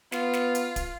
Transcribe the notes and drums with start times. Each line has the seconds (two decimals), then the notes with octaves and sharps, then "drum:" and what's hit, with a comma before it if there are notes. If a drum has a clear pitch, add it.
0.12 B3 F4, drum: snare
0.33 drum: snare
0.55 drum: hi-hat
0.76 drum: kick D1, hi-hat